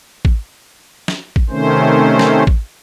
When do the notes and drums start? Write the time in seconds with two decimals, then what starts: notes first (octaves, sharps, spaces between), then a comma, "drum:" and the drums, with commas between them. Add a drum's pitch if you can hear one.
0.25 drum: kick
1.08 drum: snare
1.36 drum: kick
1.50 C3 D#3 A3 C#4 C5
2.19 drum: snare
2.47 drum: kick